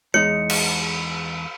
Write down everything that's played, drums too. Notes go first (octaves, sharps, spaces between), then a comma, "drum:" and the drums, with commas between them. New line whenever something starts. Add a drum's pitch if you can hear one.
E2 G#3 D#4 C#5 C#7
drum: cymbal